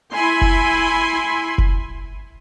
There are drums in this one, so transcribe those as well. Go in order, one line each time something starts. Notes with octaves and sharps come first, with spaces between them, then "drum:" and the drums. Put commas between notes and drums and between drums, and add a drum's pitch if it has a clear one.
E4 G#5 B5 C6
drum: kick F1
drum: kick F1